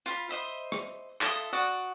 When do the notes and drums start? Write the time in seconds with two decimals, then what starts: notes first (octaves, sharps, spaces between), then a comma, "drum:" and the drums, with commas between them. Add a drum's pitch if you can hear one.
0.06 F4 F5 B5, drum: hi-hat
0.29 C5 D#5 E5 B5
0.72 drum: rim click
1.21 F4 A4 E5 D#6, drum: clap
1.53 F#4 D5 F#5 D#6